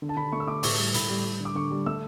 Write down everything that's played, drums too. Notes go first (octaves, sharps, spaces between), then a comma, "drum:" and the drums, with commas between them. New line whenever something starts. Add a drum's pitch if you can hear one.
D3
A5
D3 B5
A3 C#6
E6
A3 D6
A2 C#6, drum: open hi-hat
G3
A2 B5, drum: hi-hat
G3
G3
D3
D6
D3 C#6
G3
A3 E6